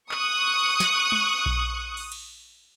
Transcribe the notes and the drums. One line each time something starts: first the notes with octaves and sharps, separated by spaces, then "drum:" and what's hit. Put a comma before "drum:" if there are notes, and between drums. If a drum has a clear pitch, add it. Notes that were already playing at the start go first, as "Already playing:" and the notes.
C#6 D#6 F#6, drum: clap
drum: snare
drum: tom G#3
drum: kick A#1
drum: cymbal
drum: cymbal